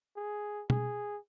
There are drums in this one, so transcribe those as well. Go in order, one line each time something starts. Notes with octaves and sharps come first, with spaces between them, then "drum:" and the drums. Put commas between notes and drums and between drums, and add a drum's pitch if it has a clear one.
G#4
G#4, drum: tom B2